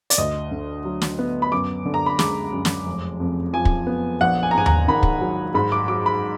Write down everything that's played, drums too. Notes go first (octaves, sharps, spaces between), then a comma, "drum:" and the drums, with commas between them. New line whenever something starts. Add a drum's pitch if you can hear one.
D5, drum: hi-hat
D2 D#5
D3
F#3
drum: snare
B3
B5
F#2 D6
D3
A#5
B5
G#3 D6, drum: snare
F#2
drum: snare
F1
F2
F3 G#5
drum: kick
B3
A#1 F#5
G#5
A#5
G#2 G#5
A#5, drum: tom D#2
D#3 B5
drum: kick
F#3
G#2 B5
D6
F#3 D6
B5